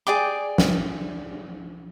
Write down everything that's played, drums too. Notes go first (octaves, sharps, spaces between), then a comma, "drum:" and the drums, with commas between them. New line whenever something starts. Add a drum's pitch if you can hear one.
G#4 D5 G5 D6
drum: snare